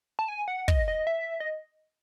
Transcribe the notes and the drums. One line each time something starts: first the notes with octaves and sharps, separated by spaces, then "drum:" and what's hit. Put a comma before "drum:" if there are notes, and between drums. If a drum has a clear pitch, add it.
A5
G#5
F#5
D#5, drum: kick
D#5
E5
D#5